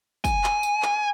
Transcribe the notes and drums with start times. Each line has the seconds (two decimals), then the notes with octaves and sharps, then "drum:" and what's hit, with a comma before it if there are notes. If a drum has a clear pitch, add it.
0.25 G#5, drum: kick, tambourine
0.44 drum: clap
0.63 drum: tambourine
0.82 drum: clap